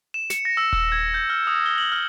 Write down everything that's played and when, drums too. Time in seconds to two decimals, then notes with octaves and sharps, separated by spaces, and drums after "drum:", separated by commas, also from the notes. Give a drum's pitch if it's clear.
0.14 E7
0.30 C#7, drum: snare
0.45 A#6
0.57 E6
0.73 E6, drum: kick D#1
0.92 G#6
1.14 G6
1.30 F6
1.47 D#6
1.66 G7
1.78 F#7
1.92 F6